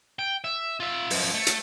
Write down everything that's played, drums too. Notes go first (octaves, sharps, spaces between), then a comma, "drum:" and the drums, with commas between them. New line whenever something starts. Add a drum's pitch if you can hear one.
G5
E5
F4 E5
F#2 F3, drum: open hi-hat
A3
drum: hi-hat